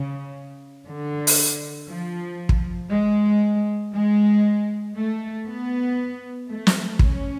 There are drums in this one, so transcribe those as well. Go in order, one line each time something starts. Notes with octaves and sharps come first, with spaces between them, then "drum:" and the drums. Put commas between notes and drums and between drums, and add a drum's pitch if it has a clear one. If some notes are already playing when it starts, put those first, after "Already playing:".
Already playing: C#3
D3
drum: open hi-hat
F3
drum: kick
G#3
G#3
A3
B3
A3
drum: snare
C#4, drum: kick